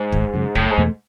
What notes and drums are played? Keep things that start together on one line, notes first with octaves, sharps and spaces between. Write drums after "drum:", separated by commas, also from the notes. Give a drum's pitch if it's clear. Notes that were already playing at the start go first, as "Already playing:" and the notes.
Already playing: G#2
G#1, drum: kick
F#2 C#3
F#1 A2, drum: kick
G#2
E2 B2 A3